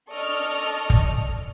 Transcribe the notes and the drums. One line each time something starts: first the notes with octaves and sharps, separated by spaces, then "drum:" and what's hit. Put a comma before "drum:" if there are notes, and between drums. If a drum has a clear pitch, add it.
A4 D5 D#5 C#6 F6
drum: kick